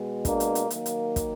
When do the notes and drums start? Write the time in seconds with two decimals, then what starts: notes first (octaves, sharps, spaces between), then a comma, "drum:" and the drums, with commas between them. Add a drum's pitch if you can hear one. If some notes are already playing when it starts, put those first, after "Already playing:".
Already playing: B2 G#3
0.25 A#3 D4, drum: kick, hi-hat
0.40 drum: hi-hat
0.55 drum: hi-hat
0.70 D#3 F#3 A#3, drum: hi-hat
0.86 drum: hi-hat
1.16 drum: kick, hi-hat